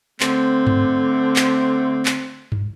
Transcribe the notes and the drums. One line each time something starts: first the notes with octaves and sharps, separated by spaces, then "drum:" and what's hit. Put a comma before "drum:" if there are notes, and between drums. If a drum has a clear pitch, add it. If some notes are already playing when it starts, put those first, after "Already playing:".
D3 A3 C4, drum: clap
drum: tom G2
drum: clap
drum: clap
drum: tom G2